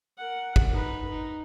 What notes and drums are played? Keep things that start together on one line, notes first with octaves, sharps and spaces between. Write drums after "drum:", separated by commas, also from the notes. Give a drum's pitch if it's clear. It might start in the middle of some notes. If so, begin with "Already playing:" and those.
A#4 F#5
drum: kick
D#4 B4
D#4